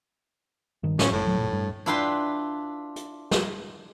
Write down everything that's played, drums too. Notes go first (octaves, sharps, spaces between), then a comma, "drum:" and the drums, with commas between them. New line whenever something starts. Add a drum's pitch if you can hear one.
G2 D#3
A2 C#4, drum: snare
F#1 A2 A3
D#1 F#3
F#1 B1 A#2
G2
D4 E4 F4 B4 G5 C6
drum: hi-hat
drum: snare